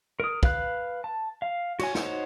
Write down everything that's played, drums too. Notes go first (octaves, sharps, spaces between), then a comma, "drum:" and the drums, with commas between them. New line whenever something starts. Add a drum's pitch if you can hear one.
A#4 D#6
B4 F5 F#6, drum: kick
A5
F5
F#4 C#5 G#5, drum: cymbal
D#4 F#4 C5 C#5, drum: snare